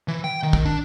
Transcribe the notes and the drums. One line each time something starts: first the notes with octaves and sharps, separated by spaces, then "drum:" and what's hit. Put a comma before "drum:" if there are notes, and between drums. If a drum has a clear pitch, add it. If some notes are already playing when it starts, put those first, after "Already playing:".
E3
G5
D#3
drum: kick
D4